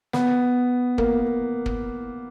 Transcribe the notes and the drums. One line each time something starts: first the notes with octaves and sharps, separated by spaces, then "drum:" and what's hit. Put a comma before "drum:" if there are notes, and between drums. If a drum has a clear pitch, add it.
B3, drum: snare
A#3, drum: kick
drum: kick